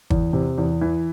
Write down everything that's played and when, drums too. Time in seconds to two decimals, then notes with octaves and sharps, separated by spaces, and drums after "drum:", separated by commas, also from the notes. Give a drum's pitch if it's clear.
0.10 E2, drum: kick
0.33 C3
0.58 E2
0.81 E3